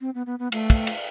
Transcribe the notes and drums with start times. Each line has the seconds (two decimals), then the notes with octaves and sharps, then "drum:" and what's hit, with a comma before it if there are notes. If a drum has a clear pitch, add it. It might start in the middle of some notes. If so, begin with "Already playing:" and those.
0.01 C4
0.15 B3
0.26 B3
0.39 B3
0.52 A3, drum: cymbal
0.70 drum: kick, cymbal
0.87 drum: cymbal